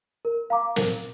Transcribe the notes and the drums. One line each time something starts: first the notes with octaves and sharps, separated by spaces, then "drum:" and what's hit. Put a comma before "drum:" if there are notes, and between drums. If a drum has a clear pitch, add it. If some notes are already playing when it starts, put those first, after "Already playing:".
A#4
F5 A#5 D6
A#4, drum: snare